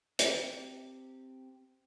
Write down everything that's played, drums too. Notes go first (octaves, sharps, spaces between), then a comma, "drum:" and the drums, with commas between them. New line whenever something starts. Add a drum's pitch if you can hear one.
C4 G4, drum: hi-hat